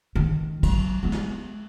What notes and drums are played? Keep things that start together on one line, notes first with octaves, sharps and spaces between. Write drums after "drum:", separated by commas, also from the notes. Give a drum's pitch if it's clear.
D#3
F#3, drum: kick, cymbal
G#3 B3
drum: snare